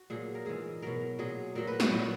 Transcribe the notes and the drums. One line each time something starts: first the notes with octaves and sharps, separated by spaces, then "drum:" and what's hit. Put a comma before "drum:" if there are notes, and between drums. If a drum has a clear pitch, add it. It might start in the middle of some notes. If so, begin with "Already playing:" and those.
Already playing: F#4
A#2 F#3 G#4
A#4
G#2 E3 G#4
B2 F#3 A#4
A#2 F#3 G#4
A#2 F#3 A#4
B4
C#5, drum: snare
A#2 F#3 B4